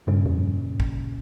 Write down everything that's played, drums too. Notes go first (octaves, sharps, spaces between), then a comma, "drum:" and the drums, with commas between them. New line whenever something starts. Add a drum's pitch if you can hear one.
G2 A#2 C#3
F2
G2
drum: kick A1